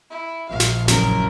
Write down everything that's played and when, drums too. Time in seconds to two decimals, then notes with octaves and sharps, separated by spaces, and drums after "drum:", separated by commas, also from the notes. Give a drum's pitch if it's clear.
0.10 E4
0.49 A#1 F5
0.60 drum: snare
0.88 F#1 F#3 C#4 A#4, drum: snare